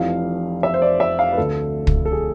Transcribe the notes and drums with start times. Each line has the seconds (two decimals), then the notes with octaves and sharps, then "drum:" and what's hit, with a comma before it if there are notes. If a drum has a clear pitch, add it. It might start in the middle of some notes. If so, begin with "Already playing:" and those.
Already playing: F1 F2 E3 F5
0.63 E5
0.74 C5
0.82 D5
1.00 E5
1.19 F5
1.33 B4
1.38 D2 D3 A4
1.87 drum: kick
2.05 A4
2.12 G#4